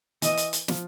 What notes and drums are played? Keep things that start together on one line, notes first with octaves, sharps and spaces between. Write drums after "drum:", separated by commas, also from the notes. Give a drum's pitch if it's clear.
E3 D#5, drum: hi-hat
drum: hi-hat
drum: hi-hat
F3, drum: snare